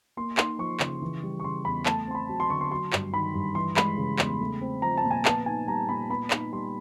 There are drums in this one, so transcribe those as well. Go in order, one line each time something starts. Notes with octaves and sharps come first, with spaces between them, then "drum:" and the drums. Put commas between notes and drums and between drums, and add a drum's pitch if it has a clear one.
A#3 C6
D#4 C6, drum: clap
F3 C#6
C#3, drum: clap
E3
G3
C#6
C#3 C6
E2 B5
A3 A5, drum: clap
C4 C6
B5
F#3
C6
D3 C#6
C6
F#3 C6
G2, drum: clap
D#3 B5
G2
E3 C6
G#3 B5, drum: clap
C#3
E2, drum: clap
A3
C4
F3 A#5
A5
A#2
G#5
B3 A5, drum: clap
D#4 G#5
G3 A#5
A#2 B5
B3 B5
D#4, drum: clap
G3 C6